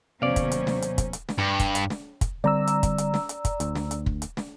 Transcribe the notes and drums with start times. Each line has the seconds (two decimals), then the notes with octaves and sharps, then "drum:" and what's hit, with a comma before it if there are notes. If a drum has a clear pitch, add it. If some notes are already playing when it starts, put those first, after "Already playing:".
0.22 D#2 C3 F#3 B3 C#4 C5 D5 F5
0.36 drum: kick, hi-hat
0.52 drum: hi-hat
0.67 drum: snare
0.82 drum: hi-hat
0.98 drum: kick, hi-hat
1.13 drum: hi-hat
1.29 drum: snare
1.38 G2
1.59 drum: kick, hi-hat
1.75 drum: hi-hat
1.90 drum: snare
2.21 drum: kick, hi-hat
2.44 D3 G3 C4 D5 A#5 E6
2.67 drum: hi-hat
2.83 drum: kick, hi-hat
2.98 drum: hi-hat
3.14 drum: snare
3.29 drum: hi-hat
3.45 drum: kick, hi-hat
3.60 D2, drum: hi-hat
3.75 drum: snare
3.91 drum: hi-hat
4.06 drum: kick
4.22 drum: hi-hat
4.37 drum: snare